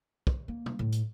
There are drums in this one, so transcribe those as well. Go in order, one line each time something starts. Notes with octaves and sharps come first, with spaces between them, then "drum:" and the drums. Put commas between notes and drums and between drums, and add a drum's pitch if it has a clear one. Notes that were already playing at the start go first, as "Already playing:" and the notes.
drum: kick
A#3
drum: tom
A2
drum: hi-hat